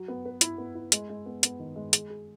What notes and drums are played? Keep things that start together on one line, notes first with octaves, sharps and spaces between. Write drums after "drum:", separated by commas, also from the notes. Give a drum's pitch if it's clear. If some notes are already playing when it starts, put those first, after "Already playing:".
Already playing: F#3
B3
B4
E4, drum: hi-hat
B3
E4
G#3, drum: hi-hat
G#3
B3
B3, drum: hi-hat
D#3
G#3
G#4, drum: hi-hat
G#4